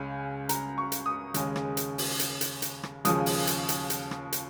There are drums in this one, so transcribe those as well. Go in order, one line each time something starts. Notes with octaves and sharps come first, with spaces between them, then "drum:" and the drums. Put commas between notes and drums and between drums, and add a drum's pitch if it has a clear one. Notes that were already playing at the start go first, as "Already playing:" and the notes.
Already playing: C#2 C#3 G#3 G#5
A#5, drum: hi-hat
C#6
drum: hi-hat
D#6
D#2 C#3 G#3, drum: hi-hat
drum: rim click
drum: hi-hat
drum: open hi-hat
drum: hi-hat
drum: hi-hat
drum: hi-hat
drum: rim click
D#2 C#3 F3 G#3 D#6, drum: hi-hat
drum: open hi-hat
drum: hi-hat
drum: hi-hat
drum: hi-hat
drum: rim click
drum: hi-hat